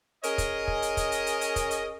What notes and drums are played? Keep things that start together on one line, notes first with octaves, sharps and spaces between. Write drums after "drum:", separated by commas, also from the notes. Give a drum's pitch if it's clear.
C#4 G#4 A#4 C#5 D#5, drum: hi-hat
drum: kick, hi-hat
drum: kick
drum: hi-hat
drum: kick, hi-hat
drum: hi-hat
drum: hi-hat
drum: hi-hat
drum: kick, hi-hat
drum: hi-hat